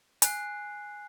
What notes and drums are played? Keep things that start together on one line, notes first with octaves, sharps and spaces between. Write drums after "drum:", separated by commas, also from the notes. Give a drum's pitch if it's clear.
G#5 F#6 C7, drum: hi-hat